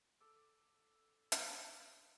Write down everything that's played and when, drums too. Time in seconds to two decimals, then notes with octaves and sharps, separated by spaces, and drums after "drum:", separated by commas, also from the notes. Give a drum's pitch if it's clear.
0.21 A4 D6 E6
1.32 drum: hi-hat